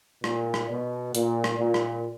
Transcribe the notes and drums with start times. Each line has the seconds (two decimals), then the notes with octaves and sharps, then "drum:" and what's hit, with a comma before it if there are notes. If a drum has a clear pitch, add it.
0.24 A#2, drum: rim click
0.54 drum: rim click
0.69 B2
1.15 A#2, drum: hi-hat
1.44 drum: rim click
1.59 A#2
1.74 drum: rim click